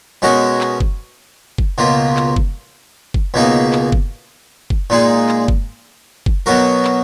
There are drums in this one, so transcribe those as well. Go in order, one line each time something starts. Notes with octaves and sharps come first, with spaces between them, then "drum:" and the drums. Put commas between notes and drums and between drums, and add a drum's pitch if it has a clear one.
B2 G#3 C#4 F#4 A#4
drum: clap
drum: kick
drum: kick
C#2 B2 A#3 F4
drum: clap
drum: kick
drum: kick
C#2 B2 A#3 D#4 G#4
drum: clap
drum: kick
drum: kick
A#2 G#3 D#4 G#4
drum: clap
drum: kick
drum: kick
B2 F#3 B3 F#4 A#4
drum: clap